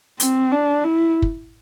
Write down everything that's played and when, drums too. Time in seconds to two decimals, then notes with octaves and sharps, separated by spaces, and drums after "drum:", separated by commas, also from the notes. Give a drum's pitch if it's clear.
0.20 C4, drum: hi-hat
0.52 D4
0.84 E4
1.22 drum: kick